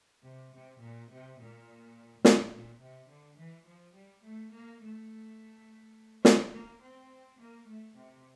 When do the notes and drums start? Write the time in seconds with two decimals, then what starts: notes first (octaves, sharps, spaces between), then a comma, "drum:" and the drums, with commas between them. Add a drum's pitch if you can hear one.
0.24 C3
0.54 C3
0.82 A#2
1.11 C3
1.39 A#2
2.25 A2, drum: snare
2.53 A#2
2.82 C3
3.10 D3
3.39 E3
3.67 F3
3.96 G3
4.24 A3
4.54 A#3
4.82 A3
6.25 C4, drum: snare
6.53 A#3
6.82 C4
7.40 A#3
7.68 A3
7.97 C3